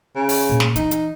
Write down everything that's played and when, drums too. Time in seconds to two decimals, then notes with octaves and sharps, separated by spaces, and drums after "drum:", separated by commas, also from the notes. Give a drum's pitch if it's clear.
0.15 C#3
0.29 drum: open hi-hat
0.50 A#2
0.60 drum: snare
0.76 E3 D#4, drum: hi-hat
0.91 drum: hi-hat